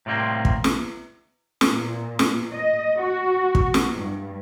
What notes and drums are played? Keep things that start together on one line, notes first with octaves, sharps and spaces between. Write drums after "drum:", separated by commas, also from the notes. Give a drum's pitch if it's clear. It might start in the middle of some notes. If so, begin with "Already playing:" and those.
A2 C3 G3 A#3 C4
drum: kick
drum: snare
drum: snare
A#2
drum: snare
D#5
F#4
drum: kick
drum: snare
G2